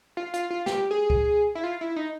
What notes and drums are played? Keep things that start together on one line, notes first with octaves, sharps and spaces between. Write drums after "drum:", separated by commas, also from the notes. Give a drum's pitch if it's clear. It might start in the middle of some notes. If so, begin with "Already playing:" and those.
F4
F4, drum: hi-hat
F4
G4, drum: snare
G#4
drum: kick C#2
E4
F4
E4
D#4